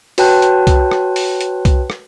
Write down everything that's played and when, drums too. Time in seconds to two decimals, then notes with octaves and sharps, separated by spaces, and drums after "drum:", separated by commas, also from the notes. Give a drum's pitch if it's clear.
0.18 F#4 B4 C#5 G5 A5 F#6, drum: open hi-hat
0.42 drum: hi-hat
0.67 drum: kick, hi-hat
0.91 drum: rim click
1.16 drum: open hi-hat
1.41 drum: hi-hat
1.65 drum: kick, hi-hat
1.90 drum: rim click